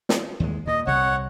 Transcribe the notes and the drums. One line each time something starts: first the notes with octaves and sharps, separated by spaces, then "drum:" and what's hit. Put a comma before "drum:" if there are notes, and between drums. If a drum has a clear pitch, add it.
drum: snare
D#2 G#3
A#2 D#5
C2 C3 C#5 F#5